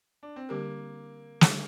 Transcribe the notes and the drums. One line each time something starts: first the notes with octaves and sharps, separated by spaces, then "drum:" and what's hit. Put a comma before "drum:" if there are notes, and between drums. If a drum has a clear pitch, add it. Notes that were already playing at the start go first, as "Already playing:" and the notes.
D4
C4
D3 G3 A#3 D4 G4 A#4
D3 G3 D4 G4 A#4, drum: snare